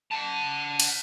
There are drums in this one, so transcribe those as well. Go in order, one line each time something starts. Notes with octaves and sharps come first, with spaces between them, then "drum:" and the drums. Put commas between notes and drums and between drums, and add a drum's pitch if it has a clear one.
F#5 A5
drum: cymbal